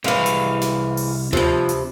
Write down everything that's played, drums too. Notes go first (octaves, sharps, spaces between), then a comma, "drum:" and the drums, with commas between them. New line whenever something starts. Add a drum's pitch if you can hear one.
C2 E3 G#3 F5
drum: hi-hat
drum: snare
drum: open hi-hat
G2 C3 F3, drum: tom D2
drum: hi-hat